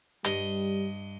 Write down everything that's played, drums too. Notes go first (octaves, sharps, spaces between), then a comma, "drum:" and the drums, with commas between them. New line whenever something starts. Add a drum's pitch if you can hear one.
G2 G3 D#5, drum: hi-hat